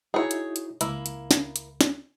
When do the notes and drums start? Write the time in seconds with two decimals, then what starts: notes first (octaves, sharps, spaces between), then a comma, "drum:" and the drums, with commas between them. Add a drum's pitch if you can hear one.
0.14 D#4 E4 F#4 G#4 C#5
0.31 drum: hi-hat
0.56 drum: hi-hat
0.81 C#2 A#3 E4, drum: hi-hat
1.06 drum: hi-hat
1.31 drum: snare
1.56 drum: hi-hat
1.81 drum: snare